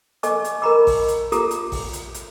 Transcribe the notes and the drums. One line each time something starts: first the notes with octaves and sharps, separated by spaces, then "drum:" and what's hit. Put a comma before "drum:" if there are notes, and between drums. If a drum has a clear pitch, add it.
A4 D#5 G#5 C#6 D6, drum: hi-hat
drum: hi-hat
A#4 D#5 A#5 B5 C#6 D6
drum: kick, open hi-hat
drum: hi-hat
F4 G4 A4 A#5 D6 D#6, drum: hi-hat
drum: hi-hat
drum: kick, open hi-hat
drum: hi-hat
drum: hi-hat